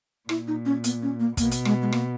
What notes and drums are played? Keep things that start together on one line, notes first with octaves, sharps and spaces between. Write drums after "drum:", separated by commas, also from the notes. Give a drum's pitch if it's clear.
A#2 E4, drum: rim click
D#4
C#4
B3, drum: hi-hat
C#4
A#3
B2 A#3, drum: kick, hi-hat
drum: hi-hat
G#3, drum: rim click
G#3
A#3, drum: rim click